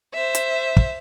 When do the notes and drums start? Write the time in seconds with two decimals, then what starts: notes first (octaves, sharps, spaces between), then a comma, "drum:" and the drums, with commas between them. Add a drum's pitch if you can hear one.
0.14 C5 E5
0.35 drum: hi-hat
0.77 drum: kick